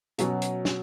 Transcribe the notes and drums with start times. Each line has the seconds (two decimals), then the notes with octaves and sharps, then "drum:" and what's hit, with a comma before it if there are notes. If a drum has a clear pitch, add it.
0.18 B2 F#3 C#4, drum: hi-hat
0.42 drum: hi-hat
0.65 drum: snare